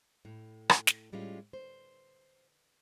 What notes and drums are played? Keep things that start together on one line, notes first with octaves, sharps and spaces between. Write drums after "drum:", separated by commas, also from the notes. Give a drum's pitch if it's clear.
A2
drum: rim click
drum: snare
A2 G3 G#3 C#4 F4
C5